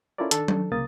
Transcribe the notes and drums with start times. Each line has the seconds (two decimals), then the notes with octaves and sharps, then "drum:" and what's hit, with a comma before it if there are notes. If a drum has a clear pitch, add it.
0.18 C#4 E4 F4 A4 A#4 D5
0.31 D#3 D4 A4, drum: hi-hat
0.48 drum: tom F#3
0.72 C2 C#3 A#3 D#6 A6